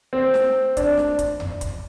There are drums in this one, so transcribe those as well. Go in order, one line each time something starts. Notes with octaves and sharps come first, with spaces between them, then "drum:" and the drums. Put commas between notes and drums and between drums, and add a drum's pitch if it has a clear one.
C4
drum: snare
D4, drum: kick, hi-hat
drum: snare
drum: kick, hi-hat
drum: tom E2
drum: kick, hi-hat